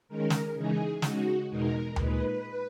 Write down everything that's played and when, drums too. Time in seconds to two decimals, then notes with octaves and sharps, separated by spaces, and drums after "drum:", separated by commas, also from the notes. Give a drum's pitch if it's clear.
0.08 D#3 G#3 C#4 A#4
0.30 drum: snare
0.55 C#3 E3 G#3 D#4 G#4
1.02 C#3 G#3 D#4 F#4, drum: snare
1.50 E2 B2 G#3 D#4 A#4
1.96 A#2 G#3 D#4 B4, drum: tom D2